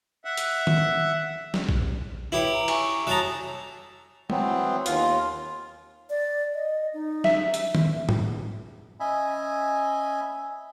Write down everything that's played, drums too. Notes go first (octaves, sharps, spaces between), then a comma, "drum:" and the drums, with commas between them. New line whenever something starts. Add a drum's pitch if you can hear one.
E5 F#5
drum: hi-hat
drum: tom D#3
drum: snare
drum: kick A#1
E4 G4 B4 C#5
A#5
G#5 C#6, drum: cymbal
F#4 C#5 E5 A5 A#5 D#6
E3 F#3 B3 C4, drum: tom G#3
D#2 F4, drum: hi-hat
D5
D#5
D#4
E5, drum: snare
drum: hi-hat
drum: tom D#3
drum: tom G#2
C#4 D#5 E5 G#5 B5